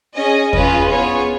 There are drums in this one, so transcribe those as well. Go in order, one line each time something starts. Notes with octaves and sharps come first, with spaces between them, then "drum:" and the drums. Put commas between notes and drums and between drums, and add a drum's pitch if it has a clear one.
C#4 G#4 D#5
C#4 F4 G#4 B4, drum: kick E2
B3 F4 G#4 C#5